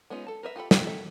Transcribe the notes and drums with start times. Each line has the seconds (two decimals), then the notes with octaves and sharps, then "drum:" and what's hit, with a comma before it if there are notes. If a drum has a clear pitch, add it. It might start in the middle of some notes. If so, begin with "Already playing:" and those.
0.10 G#3 B3 C#4 D#4 F4
0.27 A4 A5
0.43 A#4 B4 E5
0.56 F4 G4 A4 B5
0.71 F4 G4, drum: snare
0.87 A4 E5 G5